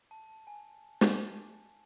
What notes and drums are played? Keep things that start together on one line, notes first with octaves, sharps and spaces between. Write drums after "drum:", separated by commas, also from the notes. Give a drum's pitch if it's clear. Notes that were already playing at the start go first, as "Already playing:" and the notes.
A5
G#5
G#5, drum: snare